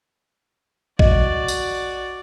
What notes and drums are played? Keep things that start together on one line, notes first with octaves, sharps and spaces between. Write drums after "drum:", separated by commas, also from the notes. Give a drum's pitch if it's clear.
F#4 D5 D#5, drum: kick A1
drum: tambourine